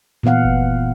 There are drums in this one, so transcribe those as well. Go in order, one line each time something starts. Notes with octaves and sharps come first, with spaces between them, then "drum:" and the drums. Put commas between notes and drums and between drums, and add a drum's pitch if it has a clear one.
A#2 E3 B3 F5 F#5
drum: kick F#1